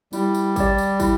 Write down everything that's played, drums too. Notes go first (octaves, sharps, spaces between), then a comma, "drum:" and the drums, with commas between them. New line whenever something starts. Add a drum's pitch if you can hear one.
G3 E4, drum: tambourine
drum: tambourine
G4 D5, drum: kick, tambourine
drum: tambourine
E4, drum: kick, tambourine